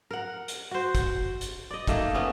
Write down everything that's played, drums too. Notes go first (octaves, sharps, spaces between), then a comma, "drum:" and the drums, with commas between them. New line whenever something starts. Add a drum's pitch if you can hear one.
A#4 F#5
drum: hi-hat
F#4 C5
drum: kick, hi-hat
drum: hi-hat
D5 D#5
D#3 A3 A#3, drum: kick, hi-hat
A3 B3 C#4